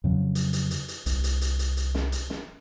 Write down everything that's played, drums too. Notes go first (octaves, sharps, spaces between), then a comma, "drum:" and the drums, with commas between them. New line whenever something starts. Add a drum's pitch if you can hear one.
F2 C#3 F#3
drum: hi-hat
drum: hi-hat
drum: hi-hat
drum: hi-hat
C2, drum: hi-hat
drum: hi-hat
drum: hi-hat
drum: hi-hat
drum: hi-hat
drum: snare
drum: hi-hat
drum: snare